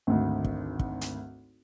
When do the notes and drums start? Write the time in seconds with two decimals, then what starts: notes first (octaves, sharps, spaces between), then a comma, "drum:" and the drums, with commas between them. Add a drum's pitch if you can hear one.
0.07 G#1 D2
0.44 drum: kick
0.79 drum: kick
1.01 drum: hi-hat